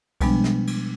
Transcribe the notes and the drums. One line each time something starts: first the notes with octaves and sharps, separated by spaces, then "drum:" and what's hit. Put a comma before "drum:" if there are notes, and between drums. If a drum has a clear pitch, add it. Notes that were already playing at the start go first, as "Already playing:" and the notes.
B2 F3 G3 G#3 B3 D4, drum: kick B1, cymbal
drum: snare
drum: cymbal